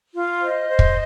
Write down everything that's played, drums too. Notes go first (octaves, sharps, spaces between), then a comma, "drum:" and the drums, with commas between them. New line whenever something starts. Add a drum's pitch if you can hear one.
F4
C5 D#5
C5
drum: kick